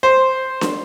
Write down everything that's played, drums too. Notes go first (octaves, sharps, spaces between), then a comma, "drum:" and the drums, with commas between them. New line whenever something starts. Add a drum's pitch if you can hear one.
C5
drum: snare D4